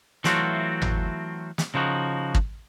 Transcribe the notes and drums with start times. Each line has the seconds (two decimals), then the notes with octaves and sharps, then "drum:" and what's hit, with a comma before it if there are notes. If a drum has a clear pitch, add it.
0.24 E3 F#3 A3 C4 F4 F#4, drum: snare
0.82 drum: tom G#1
1.58 drum: snare
1.74 C#3 F3 D#4 F#4
2.35 drum: kick